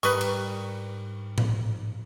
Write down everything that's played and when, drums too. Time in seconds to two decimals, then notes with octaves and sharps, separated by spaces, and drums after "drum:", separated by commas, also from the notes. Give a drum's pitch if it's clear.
0.03 G#2 G3 A#4 B4 C#6 D#6, drum: tambourine
0.21 drum: cymbal
1.38 drum: tom A2